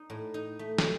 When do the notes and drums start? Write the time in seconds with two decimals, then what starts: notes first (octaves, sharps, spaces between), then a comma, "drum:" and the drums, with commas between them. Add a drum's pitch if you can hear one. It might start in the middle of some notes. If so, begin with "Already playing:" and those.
Already playing: D#4
0.10 A2
0.34 D#4
0.59 A3
0.79 drum: snare